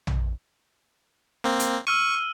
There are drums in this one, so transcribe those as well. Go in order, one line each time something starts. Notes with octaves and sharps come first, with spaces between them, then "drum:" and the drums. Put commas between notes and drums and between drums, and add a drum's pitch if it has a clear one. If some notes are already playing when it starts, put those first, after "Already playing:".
drum: tom A#1
A#3 C4
drum: hi-hat
C#6 E6 F6 D#7